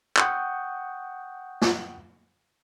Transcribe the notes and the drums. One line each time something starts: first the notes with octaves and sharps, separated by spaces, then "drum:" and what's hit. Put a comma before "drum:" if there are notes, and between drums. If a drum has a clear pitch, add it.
F#5 G5 C#6 D#6 G6, drum: clap
drum: snare